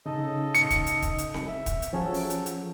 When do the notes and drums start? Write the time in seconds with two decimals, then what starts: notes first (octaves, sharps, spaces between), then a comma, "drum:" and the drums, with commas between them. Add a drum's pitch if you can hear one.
0.06 C#3 D#4 A4 D#5
0.55 C#7, drum: hi-hat
0.70 drum: kick, hi-hat
0.86 drum: hi-hat
1.02 drum: kick, hi-hat
1.18 drum: hi-hat
1.34 drum: snare C4
1.47 E5
1.66 drum: kick, hi-hat
1.82 drum: hi-hat
1.93 F3 F#3 C#4 G#4 A4
2.14 drum: open hi-hat
2.30 drum: hi-hat
2.46 drum: hi-hat